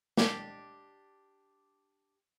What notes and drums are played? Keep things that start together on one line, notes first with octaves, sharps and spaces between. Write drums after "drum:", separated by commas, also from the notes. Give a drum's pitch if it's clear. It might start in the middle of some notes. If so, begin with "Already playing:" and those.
D4 G4, drum: snare